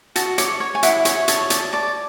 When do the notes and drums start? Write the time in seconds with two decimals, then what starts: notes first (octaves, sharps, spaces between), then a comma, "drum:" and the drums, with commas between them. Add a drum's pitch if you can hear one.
0.16 F#4 A5, drum: hi-hat
0.38 C#5 D6, drum: hi-hat
0.60 C#5
0.75 G#5
0.83 E4 F#5, drum: hi-hat
1.05 C#5, drum: hi-hat
1.28 C#5 A5, drum: hi-hat
1.50 D5 A5, drum: hi-hat
1.73 D5 A5